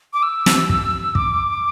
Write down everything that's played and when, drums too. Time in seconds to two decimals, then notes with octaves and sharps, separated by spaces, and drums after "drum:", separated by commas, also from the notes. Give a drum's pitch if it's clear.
0.13 D6
0.23 E6
0.46 drum: snare
0.69 drum: kick
1.15 D6, drum: kick